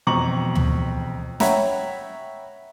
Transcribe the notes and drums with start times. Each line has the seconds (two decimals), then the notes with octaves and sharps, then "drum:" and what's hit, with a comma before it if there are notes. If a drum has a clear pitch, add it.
0.07 E1 F2 B2 A#5 C#6 F#7
0.55 drum: tom D2
1.40 C#5 E5 F#5 G5 A#5 B5, drum: snare